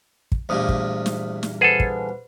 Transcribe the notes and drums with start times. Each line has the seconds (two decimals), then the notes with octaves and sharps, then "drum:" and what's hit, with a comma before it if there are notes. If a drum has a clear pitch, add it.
0.32 drum: kick
0.49 E2 G2 A#2 A3 C5 D#6
0.69 drum: kick
1.06 drum: snare
1.43 drum: snare
1.61 G#4 A4 B4 C5 F#5
1.80 drum: kick